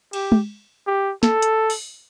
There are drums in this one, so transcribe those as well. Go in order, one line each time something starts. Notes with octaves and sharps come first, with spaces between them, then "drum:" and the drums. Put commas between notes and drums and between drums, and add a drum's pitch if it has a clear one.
G4, drum: cymbal
drum: tom
G4
A4, drum: snare
drum: hi-hat
drum: open hi-hat